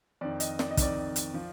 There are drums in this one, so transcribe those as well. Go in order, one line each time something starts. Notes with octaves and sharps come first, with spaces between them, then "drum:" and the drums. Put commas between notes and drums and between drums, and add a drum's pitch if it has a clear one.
F2 D#3 D5
D#5, drum: hi-hat
D5, drum: snare
D#5
F2 D#3 D5, drum: kick, hi-hat
drum: hi-hat
F3